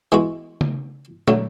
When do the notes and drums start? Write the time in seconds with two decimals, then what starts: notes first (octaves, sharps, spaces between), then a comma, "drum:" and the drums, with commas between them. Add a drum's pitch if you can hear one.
0.12 E3 G#3 B3 F#4
0.61 drum: tom C#3
1.28 D3 F#3 A3, drum: tom